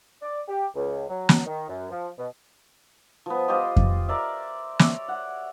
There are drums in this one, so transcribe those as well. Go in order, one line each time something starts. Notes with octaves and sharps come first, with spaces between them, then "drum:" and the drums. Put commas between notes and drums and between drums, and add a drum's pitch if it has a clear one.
D5
G4
C#2
F#3
drum: snare
D#3
F#2
F3
B2
F3 B3
F4 G4 C5 D#5
drum: kick F2
A#4 D5 E5
C#5 D5 E5, drum: snare
F#5